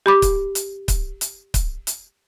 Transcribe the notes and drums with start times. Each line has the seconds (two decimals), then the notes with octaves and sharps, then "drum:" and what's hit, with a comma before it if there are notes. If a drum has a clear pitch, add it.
0.06 G4 B5 D6
0.22 drum: kick C#1, hi-hat
0.55 drum: hi-hat
0.88 drum: kick C#1, hi-hat
1.21 drum: hi-hat
1.54 drum: kick C#1, hi-hat
1.87 drum: hi-hat